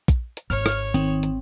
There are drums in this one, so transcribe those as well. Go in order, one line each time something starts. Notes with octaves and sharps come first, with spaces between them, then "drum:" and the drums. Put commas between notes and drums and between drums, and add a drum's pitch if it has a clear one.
drum: kick, hi-hat
drum: hi-hat
G#1 C#5 F6
drum: rim click
D#3 C4, drum: hi-hat
drum: hi-hat